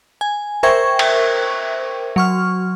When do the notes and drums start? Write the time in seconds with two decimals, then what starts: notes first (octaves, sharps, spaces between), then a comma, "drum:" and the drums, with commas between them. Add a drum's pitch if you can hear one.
0.21 G#5
0.63 A#4 C5 E5 G5 C#6 G#6
0.99 drum: cymbal
2.16 F#3 C#6 F6